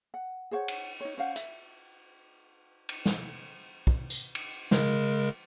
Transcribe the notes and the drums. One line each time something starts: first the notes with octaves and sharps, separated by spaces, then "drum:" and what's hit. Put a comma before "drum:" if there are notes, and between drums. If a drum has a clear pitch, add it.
F#5
G#4 C5 C#5 F#5
drum: cymbal
D#4 C#5
C#4 C5 F5 F#5
E5, drum: hi-hat
drum: cymbal
drum: snare
drum: kick
drum: tambourine
drum: cymbal
C#3 G#3 A#4, drum: snare